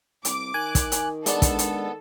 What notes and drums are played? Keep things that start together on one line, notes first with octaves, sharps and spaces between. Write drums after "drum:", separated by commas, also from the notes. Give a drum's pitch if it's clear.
C2 D6, drum: hi-hat
D#3 G#5 F#6
drum: kick, hi-hat
drum: hi-hat
G#3 B3 D4 A4, drum: hi-hat
drum: kick, hi-hat
drum: hi-hat